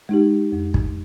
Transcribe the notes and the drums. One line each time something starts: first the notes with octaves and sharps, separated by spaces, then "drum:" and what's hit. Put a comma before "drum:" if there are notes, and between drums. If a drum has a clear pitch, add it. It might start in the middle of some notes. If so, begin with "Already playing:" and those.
G#3 D#4 G4
F2
drum: kick